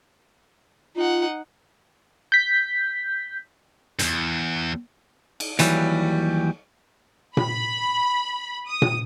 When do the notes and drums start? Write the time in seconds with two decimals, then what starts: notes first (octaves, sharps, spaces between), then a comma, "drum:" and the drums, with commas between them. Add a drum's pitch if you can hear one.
0.96 D#4 F4 F#5
2.32 G6 B6
3.99 E2 G2, drum: hi-hat
5.40 drum: cymbal
5.59 D#2 E3 F#3 G3, drum: hi-hat
7.37 B5, drum: tom A#2
8.68 D#6
8.82 drum: tom A#2